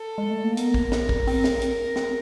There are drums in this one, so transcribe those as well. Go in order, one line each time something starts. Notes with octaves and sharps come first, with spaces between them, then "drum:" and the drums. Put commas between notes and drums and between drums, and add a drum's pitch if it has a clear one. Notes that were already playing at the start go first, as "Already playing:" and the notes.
Already playing: A4
G#3
A3
A#3
B3 A#4, drum: hi-hat
drum: kick
drum: snare
drum: kick
C4, drum: open hi-hat
drum: snare
drum: hi-hat
C4, drum: snare